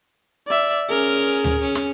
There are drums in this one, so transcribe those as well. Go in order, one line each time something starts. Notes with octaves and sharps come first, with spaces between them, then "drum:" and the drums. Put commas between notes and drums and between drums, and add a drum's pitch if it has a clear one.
D5 E5
C#4 G#4 A#4
drum: tom D2
C#4
drum: snare